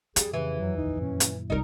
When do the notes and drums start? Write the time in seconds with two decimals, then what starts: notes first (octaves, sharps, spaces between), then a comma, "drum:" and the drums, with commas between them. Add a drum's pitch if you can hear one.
0.16 F2 G3 G#4, drum: hi-hat
0.33 C#3 E3
0.59 F#2 F#3
0.77 A#1 D#2 D#4
1.01 F#2 A#2 D#3 C#4
1.20 drum: hi-hat
1.50 C2 G3 D#4 F4 A#4